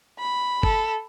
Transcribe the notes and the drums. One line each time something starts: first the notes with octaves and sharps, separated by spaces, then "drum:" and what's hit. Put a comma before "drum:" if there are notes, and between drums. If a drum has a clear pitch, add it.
B5
A4, drum: kick G1